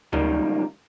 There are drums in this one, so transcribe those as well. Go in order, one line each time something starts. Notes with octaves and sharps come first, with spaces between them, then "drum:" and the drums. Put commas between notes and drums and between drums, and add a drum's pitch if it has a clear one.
C#2 F#2 D#3 G3 A#3, drum: tom D2